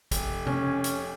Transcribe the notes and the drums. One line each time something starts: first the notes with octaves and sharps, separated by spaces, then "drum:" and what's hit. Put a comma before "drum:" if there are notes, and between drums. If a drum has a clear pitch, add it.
F1, drum: kick, hi-hat
C#4, drum: tom C3
drum: hi-hat